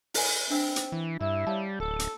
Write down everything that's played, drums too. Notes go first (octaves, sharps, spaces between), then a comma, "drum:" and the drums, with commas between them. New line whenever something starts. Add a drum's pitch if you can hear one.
E4 B4 G#5, drum: open hi-hat
C4 D4 E5 E6
drum: hi-hat
E3
G2 E4
G3 C#5 F5 A5
D1 A4
drum: hi-hat